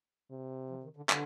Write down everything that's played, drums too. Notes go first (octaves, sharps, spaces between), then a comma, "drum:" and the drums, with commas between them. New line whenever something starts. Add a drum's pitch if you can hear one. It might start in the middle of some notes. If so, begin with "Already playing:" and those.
C3
F3
D#3
D3
D3, drum: clap